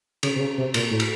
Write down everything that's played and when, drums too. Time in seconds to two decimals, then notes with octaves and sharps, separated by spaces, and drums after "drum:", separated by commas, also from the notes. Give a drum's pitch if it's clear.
0.23 C#3, drum: cymbal
0.36 C3
0.40 C#3
0.58 C3
0.74 A#2, drum: cymbal
0.91 A2
1.00 drum: cymbal